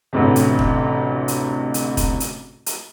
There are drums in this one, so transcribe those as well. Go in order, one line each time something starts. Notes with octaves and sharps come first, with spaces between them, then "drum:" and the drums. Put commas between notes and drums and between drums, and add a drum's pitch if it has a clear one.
A1 D2 C3
drum: hi-hat
drum: kick
drum: hi-hat
drum: hi-hat
drum: kick, hi-hat
drum: hi-hat
drum: hi-hat